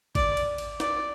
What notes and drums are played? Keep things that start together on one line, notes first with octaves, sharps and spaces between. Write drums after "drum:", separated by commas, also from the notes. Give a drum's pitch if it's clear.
D5, drum: kick G#1, cymbal
drum: cymbal
drum: cymbal
D5, drum: snare